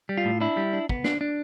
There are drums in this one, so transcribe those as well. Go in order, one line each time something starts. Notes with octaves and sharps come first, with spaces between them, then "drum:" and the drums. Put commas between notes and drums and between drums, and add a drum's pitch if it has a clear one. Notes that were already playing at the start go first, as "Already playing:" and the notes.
G3
F4
A2
D4 E4
G3
D4
B3, drum: kick
D4, drum: snare
D4